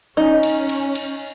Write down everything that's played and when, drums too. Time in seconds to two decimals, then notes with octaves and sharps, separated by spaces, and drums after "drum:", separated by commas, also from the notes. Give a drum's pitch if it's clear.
0.17 C#4 D#4
0.43 drum: cymbal
0.69 drum: cymbal
0.95 drum: cymbal